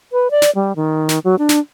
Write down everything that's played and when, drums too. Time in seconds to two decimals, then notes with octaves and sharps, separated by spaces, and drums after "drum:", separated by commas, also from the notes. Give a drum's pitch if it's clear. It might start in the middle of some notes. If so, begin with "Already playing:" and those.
0.12 B4
0.31 D5
0.42 drum: snare
0.55 G3
0.76 D#3
1.09 drum: snare
1.24 F#3
1.39 D4
1.49 drum: snare